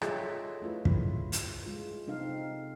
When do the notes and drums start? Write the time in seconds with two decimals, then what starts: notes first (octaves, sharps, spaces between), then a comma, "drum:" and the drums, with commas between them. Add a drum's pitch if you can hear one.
0.01 F4 G#4 A4 C#5 D#5 E5, drum: rim click
0.62 A3 E4 F4 B4
0.85 drum: kick
1.32 drum: hi-hat
1.66 G#3 F4
2.07 C3 C4 D#4 A4 F5